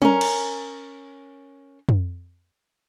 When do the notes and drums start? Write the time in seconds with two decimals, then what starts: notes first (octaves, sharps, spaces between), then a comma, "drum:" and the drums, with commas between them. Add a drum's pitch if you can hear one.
0.02 C#4 A#4, drum: tom
0.21 drum: cymbal
1.89 drum: tom